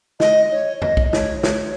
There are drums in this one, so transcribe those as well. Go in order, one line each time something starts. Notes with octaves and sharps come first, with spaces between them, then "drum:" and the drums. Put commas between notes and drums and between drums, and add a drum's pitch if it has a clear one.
D#5, drum: snare
C#5
D#5, drum: tom E2
drum: kick B1
C#5, drum: snare
C#5, drum: snare